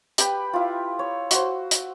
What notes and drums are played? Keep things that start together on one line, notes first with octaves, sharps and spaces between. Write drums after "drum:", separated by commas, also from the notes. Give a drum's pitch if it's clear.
G4 B4 G5 B5, drum: hi-hat
E4 F4
C#5
F#4 C5, drum: hi-hat
drum: hi-hat